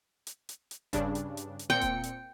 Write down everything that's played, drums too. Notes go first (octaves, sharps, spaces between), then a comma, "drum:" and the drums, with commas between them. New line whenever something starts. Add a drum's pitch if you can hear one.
drum: hi-hat
drum: hi-hat
drum: hi-hat
G2 C#3 D4, drum: kick D#1, hi-hat
drum: hi-hat
drum: hi-hat
drum: hi-hat
A#2 C4 G5 C#7
drum: kick D#1, hi-hat
drum: hi-hat